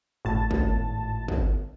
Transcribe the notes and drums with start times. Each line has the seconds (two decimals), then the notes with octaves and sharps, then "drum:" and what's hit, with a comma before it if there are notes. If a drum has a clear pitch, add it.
0.25 G#1 A2 A5
0.51 drum: kick
1.28 drum: kick